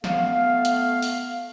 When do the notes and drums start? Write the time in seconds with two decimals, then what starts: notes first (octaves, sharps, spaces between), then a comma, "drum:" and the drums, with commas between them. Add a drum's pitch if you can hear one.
0.04 A3 B3 F5, drum: snare
0.65 drum: hi-hat
1.02 drum: open hi-hat